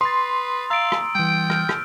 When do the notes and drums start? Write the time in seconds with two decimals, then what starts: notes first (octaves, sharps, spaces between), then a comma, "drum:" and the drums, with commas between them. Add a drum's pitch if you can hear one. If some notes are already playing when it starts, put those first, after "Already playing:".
0.01 B4 C6 D#6 A6
0.70 F5 A#5 E6 A6 D7
0.92 drum: rim click
1.15 E3 G3 G5
1.50 F6 G6, drum: rim click
1.69 drum: rim click